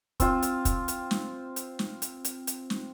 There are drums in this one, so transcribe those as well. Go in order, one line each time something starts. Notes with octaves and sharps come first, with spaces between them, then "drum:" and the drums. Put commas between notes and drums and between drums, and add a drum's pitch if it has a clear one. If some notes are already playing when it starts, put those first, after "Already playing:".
C4 F4, drum: kick, hi-hat
drum: hi-hat
drum: kick, hi-hat
drum: hi-hat
drum: snare
drum: hi-hat
drum: snare
drum: hi-hat
drum: hi-hat
drum: hi-hat
drum: snare